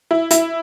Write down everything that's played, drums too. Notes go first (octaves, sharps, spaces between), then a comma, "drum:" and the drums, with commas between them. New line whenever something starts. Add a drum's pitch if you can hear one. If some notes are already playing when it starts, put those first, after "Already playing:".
E4
E4, drum: hi-hat